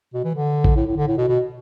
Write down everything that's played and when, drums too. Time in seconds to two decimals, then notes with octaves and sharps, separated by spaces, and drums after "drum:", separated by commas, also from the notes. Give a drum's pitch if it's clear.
0.14 B2
0.24 E3
0.35 D3
0.64 drum: kick A1
0.76 A2
0.87 A2
0.97 D3
1.07 A2
1.17 B2
1.28 B2